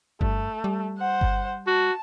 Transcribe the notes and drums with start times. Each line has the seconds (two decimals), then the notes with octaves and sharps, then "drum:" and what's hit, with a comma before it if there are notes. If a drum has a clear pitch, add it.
0.21 G2 A3, drum: kick G1
0.64 G3
0.98 C5 F#5
1.21 drum: kick G1
1.67 F#4 A5